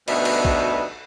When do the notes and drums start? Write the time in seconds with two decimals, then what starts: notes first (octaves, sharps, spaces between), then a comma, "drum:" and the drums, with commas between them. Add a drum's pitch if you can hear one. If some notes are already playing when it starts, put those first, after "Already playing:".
0.08 D2 B2 G3 B3 D#4 E5, drum: cymbal
0.25 drum: cymbal
0.45 drum: kick